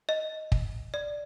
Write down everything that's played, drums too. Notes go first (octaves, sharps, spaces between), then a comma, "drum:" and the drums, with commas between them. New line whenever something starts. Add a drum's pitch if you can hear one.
D#5
drum: kick
D5